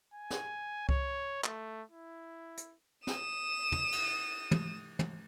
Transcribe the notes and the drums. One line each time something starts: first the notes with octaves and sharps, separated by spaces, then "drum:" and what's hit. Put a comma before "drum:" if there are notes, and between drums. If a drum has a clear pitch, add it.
G#5
drum: snare
C#5, drum: kick C2
A3, drum: clap
E4
drum: hi-hat
D#6 E7, drum: snare
drum: tom
drum: cymbal
drum: tom
drum: tom